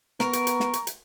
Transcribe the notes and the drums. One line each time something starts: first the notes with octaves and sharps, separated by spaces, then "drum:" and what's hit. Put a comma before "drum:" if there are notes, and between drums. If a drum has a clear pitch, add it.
B3 A#4 C#6, drum: snare
drum: hi-hat
drum: hi-hat
drum: snare
drum: hi-hat
drum: hi-hat